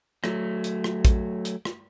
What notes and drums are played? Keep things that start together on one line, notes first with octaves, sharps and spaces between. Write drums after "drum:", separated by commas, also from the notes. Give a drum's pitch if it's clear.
F#3 A3, drum: rim click
drum: hi-hat
drum: rim click
drum: kick A1, hi-hat
drum: hi-hat
drum: rim click